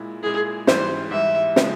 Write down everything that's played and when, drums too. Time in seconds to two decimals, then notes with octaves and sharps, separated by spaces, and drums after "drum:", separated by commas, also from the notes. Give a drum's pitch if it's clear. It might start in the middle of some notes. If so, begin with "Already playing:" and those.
Already playing: A#2 G#3 E4
0.23 A#2 G#3 E4 G#4
0.67 G#2 E3 G3 C5, drum: snare
1.11 G#2 E3 G3 E5
1.56 C#3 F3 G#3 C4, drum: snare